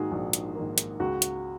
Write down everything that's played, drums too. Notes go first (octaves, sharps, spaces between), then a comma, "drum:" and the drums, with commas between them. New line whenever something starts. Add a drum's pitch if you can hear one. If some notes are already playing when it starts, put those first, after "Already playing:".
Already playing: G#2 D#3 A#3 F#4 G#4
A#1
drum: hi-hat
G#2 D#3 A#3
drum: hi-hat
C#2 F#4
drum: hi-hat